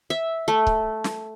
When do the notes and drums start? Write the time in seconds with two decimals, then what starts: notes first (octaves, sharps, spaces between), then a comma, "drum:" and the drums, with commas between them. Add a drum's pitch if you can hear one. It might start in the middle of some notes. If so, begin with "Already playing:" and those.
0.10 E5
0.48 A3
0.67 drum: kick C#1
1.04 drum: snare